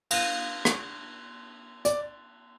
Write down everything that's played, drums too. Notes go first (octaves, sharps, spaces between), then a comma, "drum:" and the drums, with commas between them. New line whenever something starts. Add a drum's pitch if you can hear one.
F5, drum: cymbal
drum: rim click
D5, drum: hi-hat